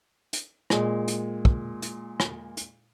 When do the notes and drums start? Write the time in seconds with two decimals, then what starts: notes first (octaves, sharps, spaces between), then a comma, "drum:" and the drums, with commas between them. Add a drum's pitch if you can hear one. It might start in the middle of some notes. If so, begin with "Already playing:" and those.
0.33 drum: hi-hat
0.70 A#2 G#3, drum: rim click
1.08 drum: hi-hat
1.45 drum: kick
1.82 drum: hi-hat
2.20 drum: rim click
2.57 drum: hi-hat